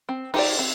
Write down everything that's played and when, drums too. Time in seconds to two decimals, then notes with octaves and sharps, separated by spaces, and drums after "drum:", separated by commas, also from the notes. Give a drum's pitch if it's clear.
0.09 C4
0.34 D#4 G4 D5, drum: cymbal
0.59 C4